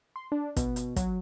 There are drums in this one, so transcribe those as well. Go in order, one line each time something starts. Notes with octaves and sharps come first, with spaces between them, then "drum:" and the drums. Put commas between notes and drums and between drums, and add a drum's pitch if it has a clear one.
C6
D4
B2, drum: kick, hi-hat
drum: hi-hat
F#3, drum: kick, hi-hat